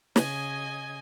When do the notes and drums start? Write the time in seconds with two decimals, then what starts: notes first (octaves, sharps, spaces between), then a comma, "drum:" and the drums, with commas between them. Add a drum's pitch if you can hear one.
0.16 C#3 D#5 G#5 G#6, drum: snare